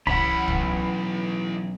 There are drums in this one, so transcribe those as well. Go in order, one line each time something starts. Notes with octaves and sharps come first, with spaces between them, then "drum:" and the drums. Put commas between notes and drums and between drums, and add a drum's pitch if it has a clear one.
B1 E3 C#4 F#5 B5, drum: kick
drum: kick